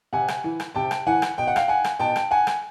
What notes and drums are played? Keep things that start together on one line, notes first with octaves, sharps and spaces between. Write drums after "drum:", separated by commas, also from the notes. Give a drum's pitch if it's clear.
C3 F#5 G#5
drum: rim click
E3
drum: rim click
C3 G5 A5
drum: rim click
E3 F#5 G#5
drum: rim click
B2 G5
F#5
F5 G5, drum: rim click
F#5 G#5
drum: rim click
B2 G5 A5
drum: rim click
F#5 G#5
drum: rim click